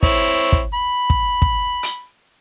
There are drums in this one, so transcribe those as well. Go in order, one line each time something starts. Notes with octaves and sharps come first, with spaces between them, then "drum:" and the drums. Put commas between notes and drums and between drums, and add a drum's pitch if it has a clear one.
C4 E4 C#5, drum: kick
drum: kick
B5
drum: kick
drum: kick
drum: hi-hat